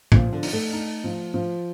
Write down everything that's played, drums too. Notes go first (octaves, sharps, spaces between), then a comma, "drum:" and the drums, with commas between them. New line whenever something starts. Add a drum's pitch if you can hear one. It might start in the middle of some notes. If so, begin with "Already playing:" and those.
A#2 F3 A#3, drum: kick
D3 D4
D#4, drum: open hi-hat
A3 A4
D#4
F3
F3